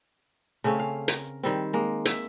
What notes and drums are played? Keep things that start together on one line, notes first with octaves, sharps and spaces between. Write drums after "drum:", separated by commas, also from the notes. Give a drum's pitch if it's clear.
C#3 A3 C4 C#4
F5
A#4, drum: hi-hat
D#3 G3 C4
G#3 A#3
E5, drum: hi-hat